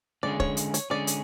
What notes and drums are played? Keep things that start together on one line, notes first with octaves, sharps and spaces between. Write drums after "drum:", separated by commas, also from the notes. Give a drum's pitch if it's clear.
D3 G#3 C#4 G#4 D5
C#5, drum: kick
drum: hi-hat
C#5, drum: hi-hat
D3 G#3 C#4 G#4 D5
drum: hi-hat